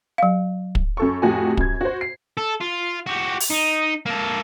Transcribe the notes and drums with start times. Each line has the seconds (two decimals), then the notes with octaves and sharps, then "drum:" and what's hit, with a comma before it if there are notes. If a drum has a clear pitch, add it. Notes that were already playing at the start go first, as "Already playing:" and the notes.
0.18 F#3 F5
0.75 drum: kick
0.97 F#2 A4 C#6
1.22 F2 A2 F#4 G4 G#5
1.57 F#2 G#6, drum: kick
1.81 F#4 C5
2.01 C7
2.37 A4
2.61 F4
3.07 F#4 G4
3.40 drum: open hi-hat
3.51 D#4
4.06 A#3 A4